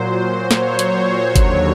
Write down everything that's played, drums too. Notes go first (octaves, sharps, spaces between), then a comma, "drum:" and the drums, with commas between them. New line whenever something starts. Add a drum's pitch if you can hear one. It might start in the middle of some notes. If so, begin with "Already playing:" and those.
Already playing: A#2 F#3 C5
C#5, drum: snare
drum: hi-hat
D#2 D3 F#3, drum: kick G1, hi-hat